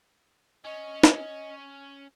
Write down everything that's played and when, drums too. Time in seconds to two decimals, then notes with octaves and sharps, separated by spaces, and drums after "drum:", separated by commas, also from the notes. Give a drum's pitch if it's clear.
0.65 C#4 C#5 D#5
1.03 drum: snare